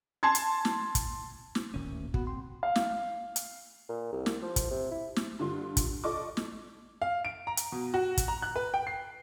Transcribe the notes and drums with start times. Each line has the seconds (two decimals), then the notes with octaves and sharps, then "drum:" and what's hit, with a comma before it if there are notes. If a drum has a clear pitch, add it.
0.23 A5 C6 G#6
0.35 drum: hi-hat
0.65 drum: snare
0.95 drum: kick, hi-hat
1.55 drum: snare
1.74 D1 G1 A#2 D#3 C#4
1.85 D2
2.14 B3 F#4, drum: kick
2.27 C#2 C4 C6
2.63 F5
2.76 drum: snare
3.36 drum: hi-hat
3.89 A#2
4.12 C2
4.26 drum: snare
4.42 F3
4.56 drum: kick, hi-hat
4.71 C3
4.91 E4
5.16 drum: snare
5.39 G2 D3 F4 C6
5.77 drum: kick, hi-hat
6.04 F4 A4 D5 D#5 C#6 D6
6.37 drum: snare
7.02 F5
7.25 D7
7.47 A#5
7.57 drum: hi-hat
7.72 B2
7.94 F#4
8.17 drum: kick, hi-hat
8.28 A#5
8.42 F#6
8.56 B4
8.74 G5
8.87 C7